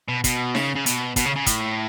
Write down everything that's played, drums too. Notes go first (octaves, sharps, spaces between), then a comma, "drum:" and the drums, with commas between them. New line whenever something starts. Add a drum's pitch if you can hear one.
B2
B2, drum: kick, hi-hat
C#3, drum: snare D#4
C#3
B2, drum: hi-hat
B2, drum: kick, hi-hat
C#3
C#3
A2, drum: kick, hi-hat